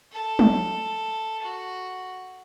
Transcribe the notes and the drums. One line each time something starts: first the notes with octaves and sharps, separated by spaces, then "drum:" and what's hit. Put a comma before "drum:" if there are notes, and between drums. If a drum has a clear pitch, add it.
A4
drum: tom
F#4